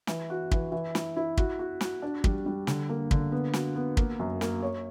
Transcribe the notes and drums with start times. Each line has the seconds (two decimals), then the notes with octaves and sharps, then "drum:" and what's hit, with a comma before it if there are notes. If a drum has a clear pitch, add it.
0.07 E3, drum: snare
0.30 F#4
0.51 E3, drum: kick
0.72 E3
0.95 E4, drum: snare
1.16 E4
1.37 F#4, drum: kick
1.59 F#4
1.81 F#4, drum: snare
2.02 D4
2.24 G3, drum: kick
2.46 G3
2.67 D3, drum: snare
2.89 A#3
3.11 D3, drum: kick
3.32 B3
3.53 F#4, drum: snare
3.76 B3
3.97 A#3, drum: kick
4.19 F#2
4.41 A#3, drum: snare
4.63 C#5